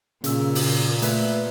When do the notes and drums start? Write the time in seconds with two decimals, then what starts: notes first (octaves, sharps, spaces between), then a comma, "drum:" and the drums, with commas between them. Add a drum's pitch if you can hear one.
0.24 A#2 C#3 E6, drum: hi-hat
0.55 drum: open hi-hat
1.02 A3 B4 E5, drum: hi-hat